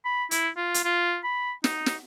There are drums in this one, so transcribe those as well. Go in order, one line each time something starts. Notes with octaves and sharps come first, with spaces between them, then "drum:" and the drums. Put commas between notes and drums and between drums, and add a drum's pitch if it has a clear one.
B5
E4, drum: hi-hat
F4
drum: hi-hat
F4
B5
D#4, drum: snare
drum: snare